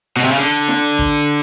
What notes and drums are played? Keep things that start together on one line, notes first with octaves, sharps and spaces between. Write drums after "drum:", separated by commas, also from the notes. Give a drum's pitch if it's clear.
B2
C3
C#3
D3
drum: snare
drum: kick A1